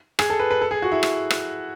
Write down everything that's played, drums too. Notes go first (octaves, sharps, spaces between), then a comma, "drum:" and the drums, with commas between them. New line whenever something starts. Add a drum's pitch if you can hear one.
G#4, drum: rim click
A4
B4
B4
A4
G#4
F#4
E4
drum: rim click
drum: rim click